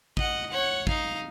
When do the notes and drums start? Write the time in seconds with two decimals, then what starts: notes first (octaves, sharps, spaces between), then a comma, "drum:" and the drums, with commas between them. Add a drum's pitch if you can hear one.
0.17 D#5 F#5, drum: kick
0.50 C#5 F#5
0.87 D#4 F5, drum: kick